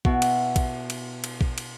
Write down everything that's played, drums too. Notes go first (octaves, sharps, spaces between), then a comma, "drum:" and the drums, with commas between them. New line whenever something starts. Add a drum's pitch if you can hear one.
B2 E4 F#4, drum: kick A#1
drum: cymbal
drum: kick A#1, cymbal
drum: cymbal
drum: cymbal
drum: kick A#1
drum: cymbal